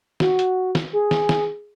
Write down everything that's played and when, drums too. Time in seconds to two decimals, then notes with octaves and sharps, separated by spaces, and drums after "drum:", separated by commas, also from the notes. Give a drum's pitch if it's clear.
0.20 F#4, drum: snare
0.39 drum: hi-hat
0.75 drum: snare
0.93 G#4
1.11 drum: snare
1.29 drum: snare